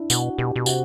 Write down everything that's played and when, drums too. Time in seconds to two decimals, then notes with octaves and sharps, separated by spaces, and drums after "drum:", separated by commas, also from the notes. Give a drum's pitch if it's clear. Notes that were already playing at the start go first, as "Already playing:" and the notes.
Already playing: D4 E4
0.10 B2 F#4, drum: tambourine
0.38 B2 G4
0.56 B2
0.66 C3 F#4, drum: tambourine